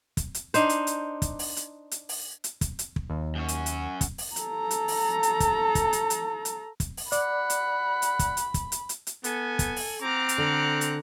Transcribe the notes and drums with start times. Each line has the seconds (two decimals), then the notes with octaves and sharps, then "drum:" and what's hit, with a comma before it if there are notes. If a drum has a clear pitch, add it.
0.17 drum: kick, hi-hat
0.34 drum: hi-hat
0.54 D4 D#4 C5, drum: hi-hat
0.69 drum: hi-hat
0.87 drum: hi-hat
1.22 drum: kick, hi-hat
1.39 drum: open hi-hat
1.57 drum: hi-hat
1.91 drum: hi-hat
2.09 drum: open hi-hat
2.44 drum: hi-hat
2.61 drum: kick, hi-hat
2.79 drum: hi-hat
2.96 drum: kick
3.10 D#2
3.35 F#2 C#4
3.48 drum: hi-hat
3.66 drum: hi-hat
4.01 drum: kick, hi-hat
4.18 drum: open hi-hat
4.36 A4 A#5, drum: hi-hat
4.71 drum: hi-hat
4.88 drum: open hi-hat
5.23 drum: hi-hat
5.40 drum: kick, hi-hat
5.75 drum: kick, hi-hat
5.93 drum: hi-hat
6.10 drum: hi-hat
6.45 drum: hi-hat
6.80 drum: kick, hi-hat
6.97 drum: open hi-hat
7.12 D5 F#5 B5, drum: hi-hat
7.50 drum: hi-hat
8.02 drum: hi-hat
8.19 drum: kick, hi-hat
8.37 drum: hi-hat
8.54 drum: kick, hi-hat
8.72 drum: hi-hat
8.89 drum: hi-hat
9.07 drum: hi-hat
9.24 B3 A4 G#5, drum: hi-hat
9.59 drum: kick, hi-hat
9.76 drum: open hi-hat
10.02 C4 F#5 A#5 D6 F6
10.29 drum: hi-hat
10.38 D3 F#5 A#5
10.81 drum: hi-hat